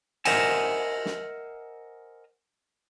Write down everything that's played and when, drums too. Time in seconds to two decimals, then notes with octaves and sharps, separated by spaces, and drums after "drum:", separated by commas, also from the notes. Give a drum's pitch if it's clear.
0.25 A#4 C5 D#5 E5 F#5 G#5, drum: cymbal
1.06 drum: snare